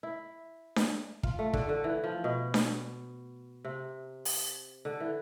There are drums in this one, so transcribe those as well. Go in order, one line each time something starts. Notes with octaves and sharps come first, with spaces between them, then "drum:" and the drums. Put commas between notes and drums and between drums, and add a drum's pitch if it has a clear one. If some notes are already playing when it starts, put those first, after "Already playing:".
E4
drum: snare D4
F4, drum: kick
A3
D3, drum: kick
D3
E3
F3
B2
drum: snare D4
C3
drum: open hi-hat
D3
E3